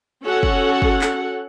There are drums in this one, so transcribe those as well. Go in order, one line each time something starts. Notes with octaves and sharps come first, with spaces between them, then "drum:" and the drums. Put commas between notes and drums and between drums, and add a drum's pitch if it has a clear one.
C#4 F#4 A4 F#5
drum: kick
drum: kick
drum: clap